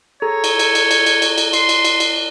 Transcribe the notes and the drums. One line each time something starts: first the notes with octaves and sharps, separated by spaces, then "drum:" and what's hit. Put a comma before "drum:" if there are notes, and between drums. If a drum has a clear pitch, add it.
G#4 A4 C#5 A#5
drum: cymbal
drum: cymbal
drum: cymbal
drum: cymbal
drum: cymbal
drum: cymbal
drum: cymbal
C6, drum: cymbal
drum: cymbal
drum: cymbal
drum: cymbal